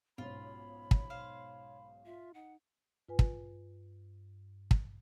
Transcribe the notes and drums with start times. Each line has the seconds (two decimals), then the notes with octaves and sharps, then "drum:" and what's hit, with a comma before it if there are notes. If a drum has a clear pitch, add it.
0.18 B1 G#2 C#4 F4 C#5 B5
0.91 drum: kick
1.10 C5 F5
2.06 F4 E5
2.34 D#4 F#5
3.08 G2 F4 B4 G#5
3.19 drum: kick
4.71 drum: kick